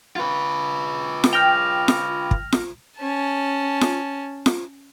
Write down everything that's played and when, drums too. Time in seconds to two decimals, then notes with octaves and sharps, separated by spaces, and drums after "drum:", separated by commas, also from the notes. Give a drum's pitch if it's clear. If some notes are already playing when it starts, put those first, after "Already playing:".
0.16 F4 B4
1.24 drum: snare F4
1.33 G5 F6 A#6 F7
1.88 drum: snare F4
2.31 drum: kick
2.52 drum: snare F4
2.98 C#4 A5
3.81 drum: snare F4
4.46 drum: snare F4